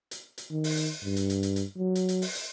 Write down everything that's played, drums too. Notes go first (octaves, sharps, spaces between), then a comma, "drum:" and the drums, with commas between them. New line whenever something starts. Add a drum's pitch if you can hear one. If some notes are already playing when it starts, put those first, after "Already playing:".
drum: hi-hat
drum: hi-hat
D#3
drum: open hi-hat
drum: hi-hat
G2
drum: hi-hat
drum: hi-hat
drum: hi-hat
drum: hi-hat
F#3
drum: hi-hat
drum: hi-hat
drum: open hi-hat
drum: hi-hat